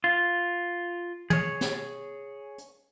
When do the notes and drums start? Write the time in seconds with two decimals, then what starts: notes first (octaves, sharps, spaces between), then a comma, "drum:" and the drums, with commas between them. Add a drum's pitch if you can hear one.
0.04 F4
1.30 G#4 C#5, drum: tom
1.61 drum: snare
2.58 drum: hi-hat